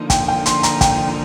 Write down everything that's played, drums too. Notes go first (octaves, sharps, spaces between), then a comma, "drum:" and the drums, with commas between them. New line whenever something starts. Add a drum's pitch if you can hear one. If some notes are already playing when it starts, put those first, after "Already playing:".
Already playing: D3 F3 A#3 D#4
G5, drum: kick, hi-hat
G5
C6, drum: hi-hat
A#5, drum: hi-hat
G5, drum: kick, hi-hat